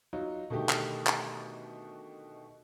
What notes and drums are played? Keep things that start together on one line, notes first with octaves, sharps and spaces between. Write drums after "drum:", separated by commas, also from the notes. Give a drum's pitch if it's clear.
F#3 D#4 F4
B2 D3 D#3 A3 G4
drum: clap
drum: clap